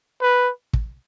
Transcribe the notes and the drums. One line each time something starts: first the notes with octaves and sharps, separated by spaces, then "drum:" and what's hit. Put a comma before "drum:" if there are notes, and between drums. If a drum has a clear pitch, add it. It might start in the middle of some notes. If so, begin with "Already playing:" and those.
B4
drum: kick